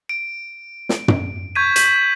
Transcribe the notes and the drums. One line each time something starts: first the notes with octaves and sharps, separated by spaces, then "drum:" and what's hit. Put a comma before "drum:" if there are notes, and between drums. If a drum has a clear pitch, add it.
D7
drum: snare
drum: tom
C#6 G6 G#6 B6 D#7
G6 B6 D#7 E7 F#7, drum: hi-hat